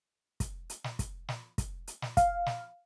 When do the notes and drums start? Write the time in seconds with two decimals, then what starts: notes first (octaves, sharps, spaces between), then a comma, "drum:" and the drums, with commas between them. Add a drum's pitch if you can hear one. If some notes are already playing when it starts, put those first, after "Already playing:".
0.40 drum: kick, hi-hat
0.70 drum: hi-hat
0.84 drum: snare
0.99 drum: kick, hi-hat
1.29 drum: snare
1.58 drum: kick, hi-hat
1.87 drum: hi-hat
2.02 drum: snare
2.17 F5, drum: kick, hi-hat
2.46 drum: snare